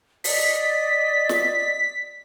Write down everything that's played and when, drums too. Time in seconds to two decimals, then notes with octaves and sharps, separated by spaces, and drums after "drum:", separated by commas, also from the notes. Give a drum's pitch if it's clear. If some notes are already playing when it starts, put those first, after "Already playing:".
0.24 D5 D#5 B6, drum: open hi-hat
1.29 drum: snare